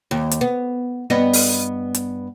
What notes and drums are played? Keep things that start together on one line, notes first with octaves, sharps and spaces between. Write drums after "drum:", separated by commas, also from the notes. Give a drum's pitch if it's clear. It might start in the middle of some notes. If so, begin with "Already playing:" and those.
D#2
drum: hi-hat
B3
G2 B3 D#5
drum: open hi-hat
drum: hi-hat